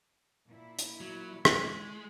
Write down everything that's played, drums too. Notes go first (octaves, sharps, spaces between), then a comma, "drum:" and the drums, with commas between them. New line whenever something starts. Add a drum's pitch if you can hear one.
A#2 E4
drum: hi-hat
F#3
G#3, drum: rim click